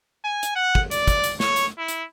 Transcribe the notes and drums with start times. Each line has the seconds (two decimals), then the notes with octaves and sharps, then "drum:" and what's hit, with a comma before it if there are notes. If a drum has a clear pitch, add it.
0.24 G#5
0.43 drum: hi-hat
0.56 F#5
0.75 drum: kick
0.91 D5, drum: hi-hat
1.08 drum: kick, hi-hat
1.24 drum: hi-hat
1.40 C#5, drum: snare
1.56 drum: hi-hat
1.78 E4
1.88 drum: hi-hat